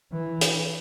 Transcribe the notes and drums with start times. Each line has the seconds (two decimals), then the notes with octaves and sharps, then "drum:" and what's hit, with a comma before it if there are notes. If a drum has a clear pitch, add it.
0.12 E3
0.41 drum: hi-hat